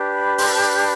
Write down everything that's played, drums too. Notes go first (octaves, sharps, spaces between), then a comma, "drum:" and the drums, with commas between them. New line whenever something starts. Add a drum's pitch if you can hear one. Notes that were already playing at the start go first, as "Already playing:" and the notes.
Already playing: D4 G4 B4
B5
C6, drum: open hi-hat
B5
A5
B5